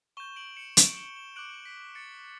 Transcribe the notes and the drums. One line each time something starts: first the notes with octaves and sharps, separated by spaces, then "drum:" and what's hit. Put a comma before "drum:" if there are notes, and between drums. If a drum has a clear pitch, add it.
C#6 G6 E7 G7
D7 F#7
C#7 E7
D7 F#7, drum: hi-hat
E7 G7
E7 G7
D6 F#6 D7 F#7
B6 D7
A6 C#7